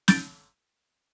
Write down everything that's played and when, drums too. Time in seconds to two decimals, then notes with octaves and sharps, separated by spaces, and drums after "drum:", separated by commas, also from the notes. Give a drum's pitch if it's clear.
0.08 G6 A6 D7, drum: snare